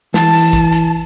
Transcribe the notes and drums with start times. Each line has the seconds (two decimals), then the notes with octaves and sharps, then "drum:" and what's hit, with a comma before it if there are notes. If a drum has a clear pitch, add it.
0.14 E3 A5, drum: snare
0.34 drum: open hi-hat
0.53 drum: kick, hi-hat
0.72 drum: hi-hat